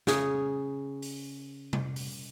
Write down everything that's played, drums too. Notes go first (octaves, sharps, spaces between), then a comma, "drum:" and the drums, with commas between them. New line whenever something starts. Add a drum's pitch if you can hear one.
C#3 G#4, drum: snare
drum: open hi-hat
drum: tom C3
drum: open hi-hat